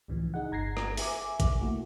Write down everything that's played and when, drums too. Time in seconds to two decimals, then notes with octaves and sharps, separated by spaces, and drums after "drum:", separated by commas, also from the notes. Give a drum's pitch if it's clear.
0.08 C#2 A2 C#3 E3 F3
0.34 D#4 G#4 F#5
0.51 G1 A#5 G#6 A#6 C7
0.77 drum: rim click
0.97 E5 G#5 D6, drum: open hi-hat
1.40 drum: kick A1, hi-hat
1.61 A3 A#3 E4 F#4